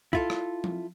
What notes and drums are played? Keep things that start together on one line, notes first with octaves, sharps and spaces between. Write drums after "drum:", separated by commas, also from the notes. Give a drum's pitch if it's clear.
E4 F4 A4, drum: kick
drum: rim click
drum: tom F3